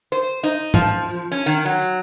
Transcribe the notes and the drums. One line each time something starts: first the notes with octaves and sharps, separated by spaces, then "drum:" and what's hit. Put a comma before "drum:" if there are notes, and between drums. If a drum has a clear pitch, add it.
C5
D#4
F3, drum: tom
C#4
D#3
F#3